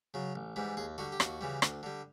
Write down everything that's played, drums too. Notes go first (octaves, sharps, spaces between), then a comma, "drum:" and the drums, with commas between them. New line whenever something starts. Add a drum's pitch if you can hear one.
C#3 F#3
A1
G#2 E3 G3
D#2 G#4
D3 G3 F#4
G4
D#2 F#4, drum: rim click
C#3 E3 G3
D2, drum: rim click
D3 G3